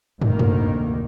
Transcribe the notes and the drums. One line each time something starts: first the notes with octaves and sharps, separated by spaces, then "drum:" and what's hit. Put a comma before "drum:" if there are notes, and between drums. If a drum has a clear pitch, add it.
F1 D2 A2 D#3 A#3, drum: tom
drum: tom